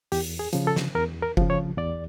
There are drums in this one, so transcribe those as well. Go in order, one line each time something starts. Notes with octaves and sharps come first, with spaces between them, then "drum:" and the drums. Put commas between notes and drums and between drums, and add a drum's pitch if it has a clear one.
E2 G4, drum: open hi-hat
G#4
C#3 F3, drum: hi-hat
A4
drum: snare
E2 A#4
A#4
C#3 F3, drum: kick F#1
C#5
E2 D5